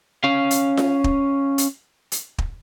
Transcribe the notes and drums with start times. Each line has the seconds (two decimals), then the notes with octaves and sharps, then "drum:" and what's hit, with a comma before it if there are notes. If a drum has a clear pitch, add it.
0.24 C#4 F5
0.51 drum: hi-hat
0.77 drum: snare F4
1.04 drum: kick
1.58 drum: hi-hat
2.12 drum: hi-hat
2.38 drum: kick